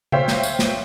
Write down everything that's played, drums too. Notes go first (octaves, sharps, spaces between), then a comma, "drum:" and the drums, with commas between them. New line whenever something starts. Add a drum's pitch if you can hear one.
C5 C#5 E5 F5 G5, drum: tom C#3
drum: snare
drum: tambourine
drum: snare